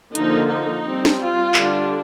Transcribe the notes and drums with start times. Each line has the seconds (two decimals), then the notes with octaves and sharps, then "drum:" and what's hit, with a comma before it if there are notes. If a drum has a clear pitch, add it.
0.15 D3 F3 A#3 D#4, drum: hi-hat
0.49 D#4
0.85 G3 C4
1.05 drum: snare
1.20 F4
1.54 D3 G3 D4, drum: clap